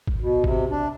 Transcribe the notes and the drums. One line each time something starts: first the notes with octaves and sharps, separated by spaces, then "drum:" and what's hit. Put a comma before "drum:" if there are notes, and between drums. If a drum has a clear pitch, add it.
drum: kick
B2
C3, drum: kick
D4